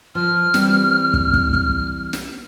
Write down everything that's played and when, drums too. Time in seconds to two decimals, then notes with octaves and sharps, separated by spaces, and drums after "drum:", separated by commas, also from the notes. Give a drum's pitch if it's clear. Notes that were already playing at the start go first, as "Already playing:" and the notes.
0.15 F3 F6
0.54 E3 G3 C4, drum: snare
1.14 drum: kick
1.33 drum: kick
1.53 drum: kick
2.13 drum: snare